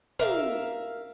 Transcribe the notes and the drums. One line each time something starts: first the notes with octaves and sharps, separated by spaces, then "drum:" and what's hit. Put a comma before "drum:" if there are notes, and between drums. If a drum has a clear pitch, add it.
A#4 E5 F5, drum: tom